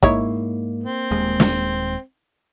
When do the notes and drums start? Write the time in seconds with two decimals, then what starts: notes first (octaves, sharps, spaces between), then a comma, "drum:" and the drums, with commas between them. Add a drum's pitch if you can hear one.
0.03 G#2 A#3 D#4 E4 C#5, drum: kick
0.83 C4
1.11 D#1 D#2 G#3
1.40 drum: snare